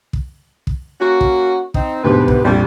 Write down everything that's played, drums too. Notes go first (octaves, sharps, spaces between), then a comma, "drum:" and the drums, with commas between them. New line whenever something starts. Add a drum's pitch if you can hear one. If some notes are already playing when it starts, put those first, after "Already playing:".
drum: kick
drum: kick
A#3 C#4 F#4
drum: kick
C4 D#4, drum: kick
D2 G#2 B2 G4 B4
drum: kick
A#1 F2 G3 G4